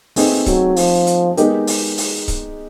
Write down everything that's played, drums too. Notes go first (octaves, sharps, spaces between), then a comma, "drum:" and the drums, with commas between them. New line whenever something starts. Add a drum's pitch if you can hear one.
A3 C4 D#4 G#4 B4, drum: open hi-hat
F#3, drum: kick C#1, hi-hat
F3, drum: open hi-hat
drum: hi-hat
G#3 B3 D#4 G4 A#4, drum: hi-hat
drum: open hi-hat
drum: open hi-hat
drum: kick C#1, hi-hat